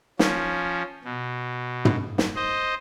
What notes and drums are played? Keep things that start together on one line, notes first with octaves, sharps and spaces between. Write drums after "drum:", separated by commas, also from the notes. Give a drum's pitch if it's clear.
F3 C#4, drum: snare
B2
drum: tom
drum: snare
C5 D#5